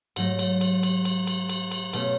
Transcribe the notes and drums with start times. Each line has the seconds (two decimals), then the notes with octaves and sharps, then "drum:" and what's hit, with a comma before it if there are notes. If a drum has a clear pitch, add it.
0.16 G#2 F#3 A3, drum: cymbal
0.39 drum: cymbal
0.61 drum: cymbal
0.83 drum: cymbal
1.05 drum: cymbal
1.27 drum: cymbal
1.49 drum: cymbal
1.71 drum: cymbal
1.93 B2 A3 C#4, drum: cymbal